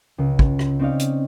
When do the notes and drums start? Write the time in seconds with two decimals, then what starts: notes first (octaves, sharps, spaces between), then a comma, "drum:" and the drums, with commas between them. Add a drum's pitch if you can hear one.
0.18 C#2
0.39 drum: kick
0.59 drum: rim click
0.79 C4 C#4 D#4 C#5 D5 F5
0.99 drum: hi-hat